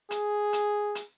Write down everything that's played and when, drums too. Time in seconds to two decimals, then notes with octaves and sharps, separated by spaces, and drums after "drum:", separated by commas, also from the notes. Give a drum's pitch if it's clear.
0.11 G#4, drum: hi-hat
0.53 drum: hi-hat
0.95 drum: hi-hat